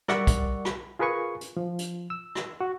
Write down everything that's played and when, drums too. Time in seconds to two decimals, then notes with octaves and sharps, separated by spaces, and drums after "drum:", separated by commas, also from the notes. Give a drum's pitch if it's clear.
0.08 G3 A#4 D5 E5 F#5 C#6, drum: rim click
0.27 drum: kick B1, hi-hat
0.65 drum: rim click
0.99 F4 G#4 A#4 B4 G#5 C#6
1.41 drum: hi-hat
1.57 F3
1.79 drum: hi-hat
2.10 E6
2.35 drum: rim click
2.61 F#4